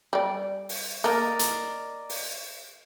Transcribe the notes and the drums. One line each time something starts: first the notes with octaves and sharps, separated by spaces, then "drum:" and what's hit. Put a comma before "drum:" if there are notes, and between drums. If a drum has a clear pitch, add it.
G3 D5
drum: open hi-hat
A#3 A#4 D5 D#5
drum: hi-hat
drum: open hi-hat